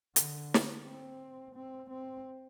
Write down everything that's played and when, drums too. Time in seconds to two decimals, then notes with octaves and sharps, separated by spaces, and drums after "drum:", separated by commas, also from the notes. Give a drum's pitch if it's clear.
0.16 D3, drum: hi-hat
0.54 drum: snare
0.85 C4
1.55 C4
1.90 C4